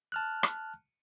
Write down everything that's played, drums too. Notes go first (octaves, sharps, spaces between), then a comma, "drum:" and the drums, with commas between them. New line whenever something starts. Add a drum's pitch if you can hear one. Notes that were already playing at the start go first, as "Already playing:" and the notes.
A5 F6 F#6
drum: rim click